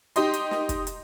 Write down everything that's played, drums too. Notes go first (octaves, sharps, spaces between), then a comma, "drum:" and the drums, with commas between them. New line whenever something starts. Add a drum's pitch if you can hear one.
D#4 G4 D#5 C6, drum: hi-hat
drum: hi-hat
drum: snare
drum: kick, hi-hat
drum: hi-hat